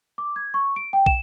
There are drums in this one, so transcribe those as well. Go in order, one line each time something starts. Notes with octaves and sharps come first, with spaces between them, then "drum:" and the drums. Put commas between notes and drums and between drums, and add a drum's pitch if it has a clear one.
D6
G#6
C#6
D7
G5
E7, drum: kick